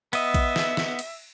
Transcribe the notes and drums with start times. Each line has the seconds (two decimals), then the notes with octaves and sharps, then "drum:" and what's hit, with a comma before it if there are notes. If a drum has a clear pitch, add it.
0.13 B3 D#5 E5, drum: cymbal
0.34 drum: kick A#1, cymbal
0.56 drum: snare
0.77 drum: snare
0.99 drum: cymbal